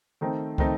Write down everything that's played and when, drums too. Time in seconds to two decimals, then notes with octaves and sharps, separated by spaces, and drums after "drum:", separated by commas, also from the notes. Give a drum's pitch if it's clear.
0.21 D#3 A3 C4 D#4
0.58 D#3 A3 C4 D#4, drum: kick